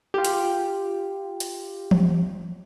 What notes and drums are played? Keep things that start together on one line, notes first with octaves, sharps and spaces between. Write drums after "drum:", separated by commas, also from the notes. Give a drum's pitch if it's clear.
F4 G4
drum: hi-hat
drum: hi-hat
drum: tom E3